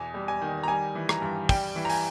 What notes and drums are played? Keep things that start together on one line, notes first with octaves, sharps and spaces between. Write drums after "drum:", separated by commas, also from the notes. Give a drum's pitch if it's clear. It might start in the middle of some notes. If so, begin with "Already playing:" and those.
Already playing: E2 B2 G#5
G3
G#5
D#3
A#5
G3 G#5
E3
A#5, drum: rim click
G2
G3 G5, drum: kick, open hi-hat
E3
A#5
G#5, drum: open hi-hat